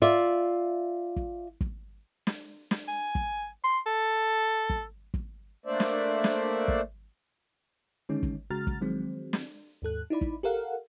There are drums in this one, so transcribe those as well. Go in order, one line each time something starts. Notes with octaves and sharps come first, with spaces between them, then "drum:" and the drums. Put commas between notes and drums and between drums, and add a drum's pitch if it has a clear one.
F4 D5 E5
drum: kick
drum: kick
drum: snare
drum: snare
G#5
drum: kick
C6
A4
drum: kick
drum: kick
A3 A#3 D4 C5 D5 E5
drum: snare
drum: snare
drum: kick
D3 D#3 G#3 C#4 D#4
drum: kick
C#3 G#3 F#4 A#5 F6 A6
drum: kick
D#3 F3 F#3 G#3 C4
drum: snare
D#2 G#2 A4 F#6
D#4 E4 D5 B5
drum: kick
G4 A4 A#4 F5 F#5